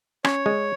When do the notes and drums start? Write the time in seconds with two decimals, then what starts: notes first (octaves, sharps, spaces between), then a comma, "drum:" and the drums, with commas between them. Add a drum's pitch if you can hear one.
0.25 C#4 C#5, drum: rim click
0.46 G#3